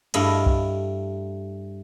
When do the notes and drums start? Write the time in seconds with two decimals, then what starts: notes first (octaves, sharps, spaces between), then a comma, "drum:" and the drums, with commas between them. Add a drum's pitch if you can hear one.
0.14 G2 A3 E4 D#5 F5 B5, drum: cymbal
0.46 drum: kick C2